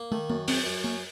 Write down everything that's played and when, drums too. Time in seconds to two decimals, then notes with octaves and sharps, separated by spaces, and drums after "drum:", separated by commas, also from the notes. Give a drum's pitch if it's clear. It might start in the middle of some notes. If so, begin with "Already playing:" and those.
Already playing: A#3
0.12 D#3 A3
0.30 F#2 A#3
0.48 F#2 C4, drum: open hi-hat
0.66 F#2
0.84 A#3 C#4